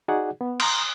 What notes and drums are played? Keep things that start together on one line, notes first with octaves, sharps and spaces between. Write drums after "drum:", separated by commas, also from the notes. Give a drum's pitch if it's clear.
D#4 F#4 G#4 D5 F#5
B3
A#5 C6, drum: cymbal